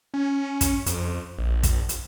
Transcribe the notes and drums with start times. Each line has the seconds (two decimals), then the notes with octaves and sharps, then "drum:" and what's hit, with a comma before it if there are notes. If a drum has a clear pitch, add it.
0.14 C#4
0.61 drum: kick, hi-hat
0.86 F2, drum: hi-hat
1.39 A#1
1.63 drum: kick, hi-hat
1.89 drum: hi-hat